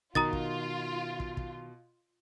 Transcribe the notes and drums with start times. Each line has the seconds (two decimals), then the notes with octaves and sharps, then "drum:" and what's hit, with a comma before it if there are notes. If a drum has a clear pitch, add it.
0.15 B2 D#3 F4 A#5 D#6 A6, drum: kick
0.33 drum: kick
1.20 drum: kick
1.37 drum: kick